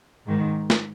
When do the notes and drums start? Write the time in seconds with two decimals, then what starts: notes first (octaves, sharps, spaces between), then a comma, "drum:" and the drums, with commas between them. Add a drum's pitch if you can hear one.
0.26 G#2 D#3
0.70 drum: snare